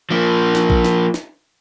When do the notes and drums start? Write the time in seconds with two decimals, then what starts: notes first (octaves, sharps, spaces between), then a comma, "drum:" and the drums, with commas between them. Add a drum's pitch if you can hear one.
0.11 F3 A#3
0.55 drum: snare
0.70 drum: kick A#1
0.85 drum: snare
1.14 drum: snare